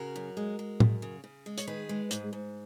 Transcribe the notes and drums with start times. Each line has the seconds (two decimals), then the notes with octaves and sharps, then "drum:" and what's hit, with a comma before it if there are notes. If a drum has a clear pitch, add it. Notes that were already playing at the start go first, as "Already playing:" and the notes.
Already playing: C#3 F#4 A#4
0.16 F#2
0.37 G#3
0.59 G#3
0.80 F#2, drum: tom A2
1.02 C#3
1.24 C#3
1.46 G#3
1.58 C#5, drum: hi-hat
1.67 D#3 G#4 B4
1.89 G#3
2.11 G#2, drum: hi-hat
2.33 G#2